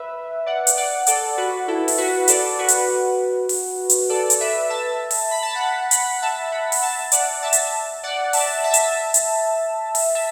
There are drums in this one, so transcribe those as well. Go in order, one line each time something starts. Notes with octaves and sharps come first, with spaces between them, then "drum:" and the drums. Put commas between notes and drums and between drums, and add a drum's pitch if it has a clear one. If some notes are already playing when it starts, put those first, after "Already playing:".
Already playing: B4 E5
D5 F#5
drum: hi-hat
D5 F#5
A4 D5, drum: hi-hat
F#4 B4
E4 A4
drum: open hi-hat
F#4 B4
A4 D5, drum: hi-hat
F#4 B4
drum: hi-hat
drum: open hi-hat
drum: hi-hat
A4 D5
drum: hi-hat
B4 E5
E5 A5
drum: open hi-hat
B5
A5
F#5 B5
F#5 B5, drum: hi-hat
E5 A5
F#5 B5
drum: open hi-hat
E5 A5
D5 F#5, drum: hi-hat
E5 A5
drum: hi-hat
D5 F#5
E5 A5, drum: open hi-hat
E5 A5
drum: hi-hat
drum: hi-hat
drum: open hi-hat
E5 A5